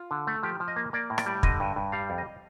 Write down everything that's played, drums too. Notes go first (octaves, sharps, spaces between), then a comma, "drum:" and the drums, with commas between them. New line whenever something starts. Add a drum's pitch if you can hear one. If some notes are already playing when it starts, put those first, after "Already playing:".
Already playing: F4
D3
A3
F3 G4
F3
D#5
A#3
A#3 D5
A2
D5, drum: rim click
G3
D3 D#5, drum: kick
G2
G2
G3 F5
F2
D#5